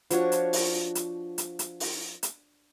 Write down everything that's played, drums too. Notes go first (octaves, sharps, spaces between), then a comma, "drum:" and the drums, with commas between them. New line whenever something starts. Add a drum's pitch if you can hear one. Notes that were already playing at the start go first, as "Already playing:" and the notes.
F3 D4 F#4 C#5, drum: hi-hat
drum: hi-hat
drum: open hi-hat
drum: hi-hat
drum: hi-hat
drum: hi-hat
drum: open hi-hat
drum: hi-hat